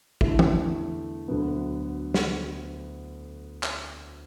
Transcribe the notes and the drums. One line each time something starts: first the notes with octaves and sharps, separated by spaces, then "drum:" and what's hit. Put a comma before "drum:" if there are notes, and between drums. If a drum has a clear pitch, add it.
E2 D3 A3 E4, drum: kick A1
drum: tom
D2 D3 F#3 B3
drum: snare
drum: clap